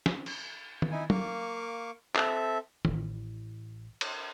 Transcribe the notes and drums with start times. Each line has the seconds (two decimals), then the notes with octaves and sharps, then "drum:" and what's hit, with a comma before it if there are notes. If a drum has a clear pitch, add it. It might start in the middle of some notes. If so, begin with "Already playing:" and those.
0.06 drum: snare
0.26 drum: cymbal
0.82 drum: tom D#3
0.92 D#4 E4 G#5
1.10 A#3 F5 C#6 D6, drum: tom
2.16 C4 A4 E5, drum: clap
2.85 A1 E4, drum: tom D#3
4.01 drum: cymbal